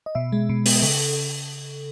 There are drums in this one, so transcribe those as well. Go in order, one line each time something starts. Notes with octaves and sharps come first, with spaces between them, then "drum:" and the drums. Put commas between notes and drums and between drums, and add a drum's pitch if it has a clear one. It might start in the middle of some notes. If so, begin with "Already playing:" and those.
D#5
B2 E5
G#3
B2
B3, drum: open hi-hat
C#3 A4